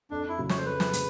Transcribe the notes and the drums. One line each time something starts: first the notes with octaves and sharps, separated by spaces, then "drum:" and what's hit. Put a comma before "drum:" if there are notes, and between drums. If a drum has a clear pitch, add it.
F2 D4
E4
C#3 F#3
C#5, drum: snare
C5
F2 B4
drum: snare
C#3, drum: hi-hat